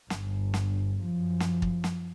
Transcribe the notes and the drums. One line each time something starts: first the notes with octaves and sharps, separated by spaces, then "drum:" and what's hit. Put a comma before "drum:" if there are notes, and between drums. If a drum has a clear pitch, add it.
G1, drum: snare
drum: snare
F#2 F3
drum: snare
drum: kick
drum: snare